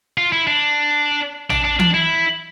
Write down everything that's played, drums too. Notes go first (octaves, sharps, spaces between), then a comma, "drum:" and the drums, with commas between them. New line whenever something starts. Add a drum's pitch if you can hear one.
F4
E4
D4
D4, drum: tom A#1
D4
D4, drum: tom E3
E4